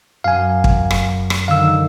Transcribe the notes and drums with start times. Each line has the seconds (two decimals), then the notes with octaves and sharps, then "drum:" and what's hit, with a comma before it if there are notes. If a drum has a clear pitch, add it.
0.24 F#2 F5 G#5
0.64 drum: kick
0.91 drum: rim click
1.30 drum: rim click
1.48 D3 D#3 F5 E6